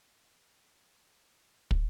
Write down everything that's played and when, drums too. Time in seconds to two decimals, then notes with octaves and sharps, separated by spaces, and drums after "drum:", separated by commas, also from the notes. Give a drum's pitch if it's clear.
0.12 C#5
0.34 C#5
0.57 D#5
0.79 E5
1.71 drum: kick